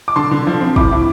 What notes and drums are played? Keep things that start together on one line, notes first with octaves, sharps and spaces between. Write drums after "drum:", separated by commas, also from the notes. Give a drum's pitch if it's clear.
D6
D3 A5 C6
D3
F3
C4
A2 B5 D6, drum: kick
A2